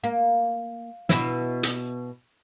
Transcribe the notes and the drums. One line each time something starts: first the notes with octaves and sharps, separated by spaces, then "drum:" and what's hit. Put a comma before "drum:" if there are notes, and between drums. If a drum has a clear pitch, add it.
A#3
B2 E4, drum: snare
drum: hi-hat